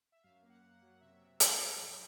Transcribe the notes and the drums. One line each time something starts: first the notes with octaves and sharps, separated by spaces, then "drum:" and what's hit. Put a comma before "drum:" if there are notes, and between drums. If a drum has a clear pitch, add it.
E5
F#2 F5
A#3
F#5
F#2
F#5
F#3
C3 E5
C3
C3, drum: hi-hat
F3
A2